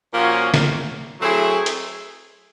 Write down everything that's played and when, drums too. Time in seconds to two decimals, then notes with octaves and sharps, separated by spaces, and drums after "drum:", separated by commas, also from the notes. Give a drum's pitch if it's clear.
0.13 A#2 F3 A#3 C#4 F#4
0.54 drum: snare
1.20 F#3 A3 C4 E4 G#4
1.66 drum: hi-hat